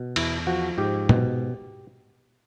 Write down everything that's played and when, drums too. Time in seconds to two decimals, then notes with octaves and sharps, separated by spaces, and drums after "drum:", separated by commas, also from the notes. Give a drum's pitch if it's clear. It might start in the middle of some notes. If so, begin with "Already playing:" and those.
Already playing: B2
0.16 E2 E4, drum: cymbal
0.47 F3 F#4
0.78 G#2 G4
1.09 B2, drum: tom